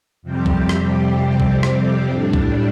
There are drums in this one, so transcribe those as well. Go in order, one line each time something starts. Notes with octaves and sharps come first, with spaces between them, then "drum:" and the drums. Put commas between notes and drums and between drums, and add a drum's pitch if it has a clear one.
F2 C3 G3 C4 G4
drum: kick B1
drum: rim click
drum: kick B1
drum: rim click
A2 G3 D4
drum: kick B1